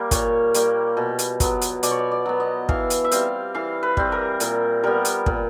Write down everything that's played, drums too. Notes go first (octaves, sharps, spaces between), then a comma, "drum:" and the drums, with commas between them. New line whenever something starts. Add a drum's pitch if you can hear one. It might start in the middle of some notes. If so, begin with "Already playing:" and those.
Already playing: G3 A#3
A#2 C#5, drum: kick, hi-hat
G3 A#3, drum: hi-hat
B2
drum: hi-hat
F#3 B3, drum: kick, hi-hat
drum: hi-hat
B2 D5, drum: hi-hat
C#5
D5
D5
F#3 B3
D#5
E3 F5, drum: kick
drum: hi-hat
E5
G3 C4 F5, drum: hi-hat
E3 F5
B4
G3 C4, drum: kick
A#4
A#2, drum: hi-hat
G3 B3 A#4
drum: hi-hat
A#2, drum: kick